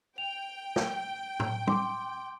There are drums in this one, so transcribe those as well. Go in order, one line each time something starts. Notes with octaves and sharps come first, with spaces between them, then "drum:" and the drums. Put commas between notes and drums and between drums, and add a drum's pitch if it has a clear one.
G5 F7
drum: snare
drum: tom
C6 D6, drum: tom G3